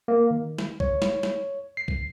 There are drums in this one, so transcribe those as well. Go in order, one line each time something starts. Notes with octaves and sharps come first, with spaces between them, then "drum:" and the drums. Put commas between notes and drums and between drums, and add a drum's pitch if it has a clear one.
A#3
D#3
drum: snare
C#5, drum: kick B1
drum: snare
drum: snare
C7
drum: kick B1